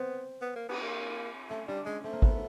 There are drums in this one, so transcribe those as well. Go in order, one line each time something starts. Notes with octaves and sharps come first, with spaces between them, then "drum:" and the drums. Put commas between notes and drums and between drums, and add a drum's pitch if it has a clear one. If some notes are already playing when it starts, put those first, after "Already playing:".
Already playing: B3 C4
B3
A#3
B3, drum: cymbal
A#3
A3 C#4
G3 D4
G#3 C#4
A3 C4
A#3
B3, drum: kick